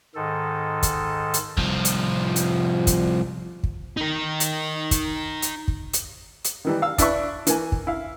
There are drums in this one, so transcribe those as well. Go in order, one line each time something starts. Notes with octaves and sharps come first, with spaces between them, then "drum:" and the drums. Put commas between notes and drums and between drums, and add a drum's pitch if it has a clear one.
G#2 D#3 A4
drum: kick, hi-hat
drum: hi-hat
C2 F3, drum: kick
drum: hi-hat
drum: hi-hat
drum: kick, hi-hat
drum: kick
D#4 A#4
drum: hi-hat
drum: kick, hi-hat
drum: hi-hat
drum: kick
drum: hi-hat
drum: hi-hat
D#3 E3 G3
F5 E6
D4 E4 B4 E5 C#6, drum: kick, hi-hat
E3 A#3 G#5, drum: hi-hat
drum: kick
E4 F5